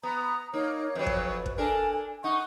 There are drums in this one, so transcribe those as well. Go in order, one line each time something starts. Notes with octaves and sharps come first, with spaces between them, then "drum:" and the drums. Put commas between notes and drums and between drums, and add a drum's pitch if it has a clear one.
B3 A#5
A#3 D#4 C#5
F2 F#3 B4
drum: kick
drum: kick
D4 A4 A#4 G#5
D#4 F#5 C#6